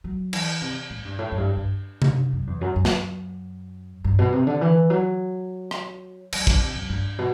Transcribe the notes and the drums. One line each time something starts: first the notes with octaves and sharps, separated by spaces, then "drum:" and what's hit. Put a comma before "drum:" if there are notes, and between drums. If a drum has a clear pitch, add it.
F#3
E3, drum: cymbal
C3
A2
G2
A2
F#2
G2
G2
drum: tom C3
F#2
E2
F#2
F#2
drum: snare
G2
B2
C3
D3
E3
F#3
drum: rim click
F#3, drum: cymbal
D3, drum: kick
C3
F#2
G2
B2